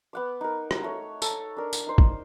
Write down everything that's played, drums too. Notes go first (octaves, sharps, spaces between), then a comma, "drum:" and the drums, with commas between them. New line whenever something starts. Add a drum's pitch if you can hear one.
B3 F#5 D6
D#4 A#4
drum: rim click
A3 C#5
A4 A#5, drum: tambourine
D4 A#4
drum: tambourine
D#4 C5
drum: kick A1